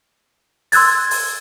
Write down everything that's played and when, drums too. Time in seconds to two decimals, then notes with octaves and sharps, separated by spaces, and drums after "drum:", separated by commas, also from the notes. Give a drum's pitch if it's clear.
0.72 C6 E6 F#6 G#6 A6, drum: open hi-hat
1.11 drum: open hi-hat